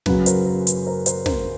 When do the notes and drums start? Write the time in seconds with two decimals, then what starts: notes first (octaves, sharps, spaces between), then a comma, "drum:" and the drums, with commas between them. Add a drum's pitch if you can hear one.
0.06 F#1 F#2 C#3 F#3 B4, drum: snare
0.26 A#4 C5, drum: hi-hat
0.46 A#4
0.67 B4, drum: hi-hat
0.87 A#4 C5
1.06 A#4 C5, drum: hi-hat
1.26 A#4 C5, drum: snare